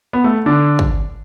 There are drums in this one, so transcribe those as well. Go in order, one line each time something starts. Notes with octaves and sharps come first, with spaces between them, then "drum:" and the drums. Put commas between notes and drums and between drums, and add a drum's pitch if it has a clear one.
B3
A3
D3 D4
drum: kick